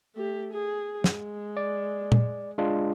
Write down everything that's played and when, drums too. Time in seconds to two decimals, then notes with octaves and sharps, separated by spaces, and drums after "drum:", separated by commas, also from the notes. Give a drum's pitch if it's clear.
0.15 A3 G4
0.53 G#4
1.04 G#3, drum: snare
1.57 D5
2.12 drum: tom A#2
2.58 G#3 D4 F4